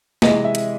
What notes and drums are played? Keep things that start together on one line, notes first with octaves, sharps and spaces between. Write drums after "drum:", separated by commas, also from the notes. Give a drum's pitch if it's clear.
C3 E3 G#3 D#5, drum: snare
E5
drum: hi-hat